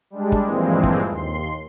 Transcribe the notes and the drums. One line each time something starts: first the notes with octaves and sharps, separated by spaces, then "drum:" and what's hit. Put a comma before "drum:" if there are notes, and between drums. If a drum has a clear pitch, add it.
G3 G#3 D4
drum: kick
G2 A#2 E3 F3 G#3 C4
drum: kick
D#2 C6